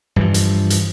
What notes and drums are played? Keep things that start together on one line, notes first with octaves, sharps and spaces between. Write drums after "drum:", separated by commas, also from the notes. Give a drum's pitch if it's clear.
G2 E3 F3
drum: hi-hat
drum: hi-hat